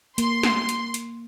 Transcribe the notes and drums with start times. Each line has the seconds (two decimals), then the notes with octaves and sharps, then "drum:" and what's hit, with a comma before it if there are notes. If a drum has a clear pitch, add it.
0.18 A#3 C6, drum: hi-hat
0.43 drum: snare
0.69 drum: hi-hat
0.94 drum: hi-hat